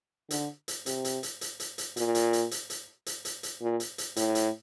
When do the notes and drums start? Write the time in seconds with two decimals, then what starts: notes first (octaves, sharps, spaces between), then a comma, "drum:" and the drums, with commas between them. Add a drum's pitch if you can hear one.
0.31 D3, drum: hi-hat
0.68 drum: hi-hat
0.86 C3, drum: hi-hat
1.05 drum: hi-hat
1.23 drum: hi-hat
1.41 drum: hi-hat
1.60 drum: hi-hat
1.78 drum: hi-hat
1.97 A#2, drum: hi-hat
2.15 drum: hi-hat
2.33 drum: hi-hat
2.51 drum: hi-hat
2.70 drum: hi-hat
3.06 drum: hi-hat
3.25 drum: hi-hat
3.43 drum: hi-hat
3.61 A#2
3.80 drum: hi-hat
3.98 drum: hi-hat
4.16 A2, drum: hi-hat
4.35 drum: hi-hat